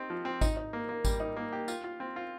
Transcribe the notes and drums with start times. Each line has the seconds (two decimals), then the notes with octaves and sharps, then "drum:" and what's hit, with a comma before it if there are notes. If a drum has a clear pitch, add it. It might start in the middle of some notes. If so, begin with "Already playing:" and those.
Already playing: C4 D#4 G4
0.10 F3
0.25 C4
0.41 D#4, drum: kick G#1, tambourine
0.57 D#4
0.73 A#3
0.89 A#3
1.05 G3, drum: kick G#1, tambourine
1.20 D#4
1.36 A#3
1.53 G4
1.68 F4, drum: tambourine
1.84 F4
2.00 C4
2.16 F4